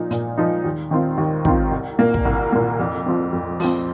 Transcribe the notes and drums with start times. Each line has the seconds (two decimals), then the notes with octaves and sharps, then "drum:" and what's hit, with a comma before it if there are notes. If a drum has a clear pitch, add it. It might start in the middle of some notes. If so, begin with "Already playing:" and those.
Already playing: A#2 F3 D#4
0.11 A#2, drum: hi-hat
0.38 F3 D#4
0.64 D#2
0.91 D#3 C4 F4
1.18 D#2
1.45 D#3 C4 F4, drum: kick
1.72 C2
1.99 A#2 A#3
2.14 drum: kick
2.25 C2
2.52 A#2 A#3
2.79 F2
3.06 F3 C4
3.33 F2
3.60 F3 C4, drum: open hi-hat